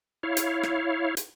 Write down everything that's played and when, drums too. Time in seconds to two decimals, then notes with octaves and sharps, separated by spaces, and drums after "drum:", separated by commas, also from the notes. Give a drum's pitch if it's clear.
0.23 E4 C#5 F5
0.37 drum: hi-hat
0.63 drum: rim click
1.17 drum: hi-hat